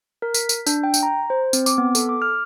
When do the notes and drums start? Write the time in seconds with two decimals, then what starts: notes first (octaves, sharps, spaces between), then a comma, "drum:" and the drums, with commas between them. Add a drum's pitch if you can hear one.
0.22 A#4
0.34 B6, drum: tambourine
0.49 drum: tambourine
0.67 D4, drum: tambourine
0.84 G5
0.94 drum: tambourine
1.03 A#5
1.30 C5
1.53 C4, drum: tambourine
1.66 D6, drum: tambourine
1.78 B3
1.95 A4, drum: tambourine
2.09 D6
2.22 F6